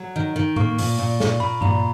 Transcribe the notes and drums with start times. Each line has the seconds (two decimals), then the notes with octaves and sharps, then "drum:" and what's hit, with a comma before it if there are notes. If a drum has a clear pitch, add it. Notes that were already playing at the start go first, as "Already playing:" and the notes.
Already playing: F#3
0.16 D#3
0.36 D#3
0.56 A#3 C#6, drum: tom A2
0.78 A#2, drum: open hi-hat
0.99 A#2
1.20 A#2, drum: snare
1.40 A#2 B5
1.61 A#2 A#5, drum: tom G2